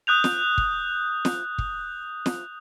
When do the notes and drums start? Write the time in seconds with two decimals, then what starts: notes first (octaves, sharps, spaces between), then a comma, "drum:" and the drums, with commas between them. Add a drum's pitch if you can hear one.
0.07 D#6 F#6 G6 F7
0.24 drum: snare
0.58 drum: kick
1.25 drum: snare
1.58 drum: kick
2.26 drum: snare